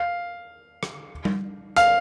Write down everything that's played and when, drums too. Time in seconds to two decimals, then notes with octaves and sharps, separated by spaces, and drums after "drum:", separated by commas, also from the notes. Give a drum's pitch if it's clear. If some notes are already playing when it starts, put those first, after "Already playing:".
Already playing: F5
0.83 drum: rim click
1.25 drum: tom G3
1.76 F5, drum: hi-hat